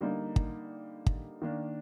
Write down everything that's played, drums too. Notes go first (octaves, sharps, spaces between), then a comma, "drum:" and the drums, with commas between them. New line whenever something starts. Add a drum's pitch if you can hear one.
D3 G3 A#3 D#4
drum: kick
drum: kick
D#3 A#3 D4